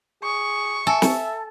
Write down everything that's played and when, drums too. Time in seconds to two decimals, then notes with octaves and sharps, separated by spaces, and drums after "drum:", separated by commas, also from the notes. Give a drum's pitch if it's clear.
0.23 G#4 C#6
0.87 A4 E5 G#5
1.02 drum: snare